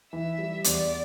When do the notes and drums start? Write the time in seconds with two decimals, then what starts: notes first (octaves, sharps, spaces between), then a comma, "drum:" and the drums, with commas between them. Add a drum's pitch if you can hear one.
0.13 E3 E5
0.38 G3
0.64 E2 D5, drum: hi-hat